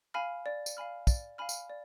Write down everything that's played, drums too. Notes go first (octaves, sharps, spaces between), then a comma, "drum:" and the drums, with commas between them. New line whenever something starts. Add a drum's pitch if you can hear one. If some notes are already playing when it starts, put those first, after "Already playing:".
F5 G#5 B5 F6
D5
drum: tambourine
F5 G#5 B5 F6
D5, drum: kick, tambourine
F5 G#5 B5 F6
drum: tambourine
D5